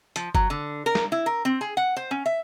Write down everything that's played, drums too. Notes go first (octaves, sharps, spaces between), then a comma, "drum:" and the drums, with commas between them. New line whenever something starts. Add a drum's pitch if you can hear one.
F3, drum: hi-hat
F#3, drum: kick F#1
D3
A#4
drum: snare
E4
A#4
C4
G#4
F#5
C5
C#4
E5